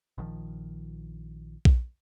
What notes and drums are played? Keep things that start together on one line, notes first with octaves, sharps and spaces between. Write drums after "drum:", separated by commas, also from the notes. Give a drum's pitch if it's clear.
A#1 D#3 F3
drum: kick A#1